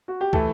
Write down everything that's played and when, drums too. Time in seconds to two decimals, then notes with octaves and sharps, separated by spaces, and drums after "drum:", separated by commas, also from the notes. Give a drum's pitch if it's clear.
0.08 F#4
0.21 G4
0.33 E3 A3 E4 A4, drum: kick